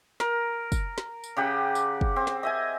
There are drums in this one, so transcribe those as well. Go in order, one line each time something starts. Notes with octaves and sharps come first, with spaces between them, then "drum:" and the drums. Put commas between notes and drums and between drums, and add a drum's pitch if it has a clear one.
A#4, drum: snare
drum: kick, tambourine
drum: snare
drum: tambourine
C#3 G4 F#5
drum: tambourine
drum: kick
C4
drum: snare
D#5 E5 G#5